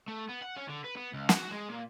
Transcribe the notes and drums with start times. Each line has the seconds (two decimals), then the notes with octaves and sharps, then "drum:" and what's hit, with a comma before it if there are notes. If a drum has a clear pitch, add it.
0.08 A3
0.29 B3
0.42 F#5
0.57 C#4
0.69 D3
0.84 B4
0.97 B3
1.13 C#2
1.29 F#4, drum: snare
1.51 G#3
1.69 A#2